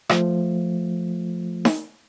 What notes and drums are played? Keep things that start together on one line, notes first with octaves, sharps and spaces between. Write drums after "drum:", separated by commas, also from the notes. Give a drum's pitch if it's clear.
F3 A3, drum: rim click
drum: snare D#4